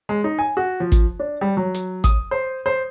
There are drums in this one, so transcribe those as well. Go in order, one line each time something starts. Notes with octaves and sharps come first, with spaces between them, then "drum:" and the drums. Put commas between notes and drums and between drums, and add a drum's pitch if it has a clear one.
G#3
D#4
G#5
F#4
F3
drum: kick, hi-hat
D4
G3
F#3
drum: hi-hat
D#6, drum: kick, hi-hat
C5
C5